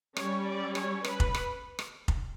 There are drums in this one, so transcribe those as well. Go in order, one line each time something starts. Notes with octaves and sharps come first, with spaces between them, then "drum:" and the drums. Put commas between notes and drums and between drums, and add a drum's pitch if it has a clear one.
G3 C#4 C#5, drum: rim click
D5
C#5, drum: rim click
B4, drum: rim click
drum: kick F1
drum: rim click
drum: rim click
drum: kick F1